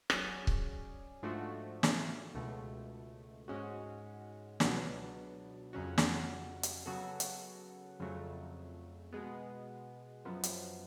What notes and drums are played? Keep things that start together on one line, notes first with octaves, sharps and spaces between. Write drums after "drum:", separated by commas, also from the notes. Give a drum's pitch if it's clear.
F#3 C#4 G#4 D5, drum: rim click
drum: kick C#1
G#2 F3 A3 D4 F#4
drum: snare
C#2 B2 A3
G#2 G#3 C#4 F#4
C#2 B2 F#3 B3 D4, drum: snare
F2 C#3 F#3 C#4 F#4
drum: snare
drum: hi-hat
C#3 F#3 B3 F#4 A4
drum: hi-hat
F2 C#3 F#3 A3
B2 G#3 B3
F#2 F3 B3
drum: hi-hat